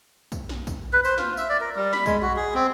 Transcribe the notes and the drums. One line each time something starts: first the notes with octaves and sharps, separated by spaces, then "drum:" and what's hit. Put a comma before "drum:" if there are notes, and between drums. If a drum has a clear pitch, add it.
drum: kick, tambourine
drum: snare
drum: kick, tambourine
B4
C5, drum: tambourine
F4, drum: snare
E5, drum: tambourine
D5
A#4
G3
B5, drum: snare
G#3, drum: kick, tambourine
F#4
G#4
C4